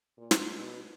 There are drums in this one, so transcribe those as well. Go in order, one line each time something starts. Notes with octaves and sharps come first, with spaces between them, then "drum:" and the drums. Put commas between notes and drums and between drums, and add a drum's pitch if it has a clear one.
A#2
drum: snare
B2